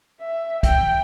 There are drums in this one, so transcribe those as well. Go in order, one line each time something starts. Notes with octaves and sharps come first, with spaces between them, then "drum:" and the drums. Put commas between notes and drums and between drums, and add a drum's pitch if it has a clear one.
E5
G5, drum: kick, hi-hat